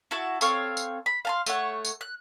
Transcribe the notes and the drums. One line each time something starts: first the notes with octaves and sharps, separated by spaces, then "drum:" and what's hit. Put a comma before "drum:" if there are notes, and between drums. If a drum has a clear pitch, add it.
E4 F#4 A5
C4 A4 C#5 F5, drum: tambourine
drum: tambourine
B5
F5 A5 C6
A3 C#5 F#5, drum: tambourine
drum: tambourine
F#6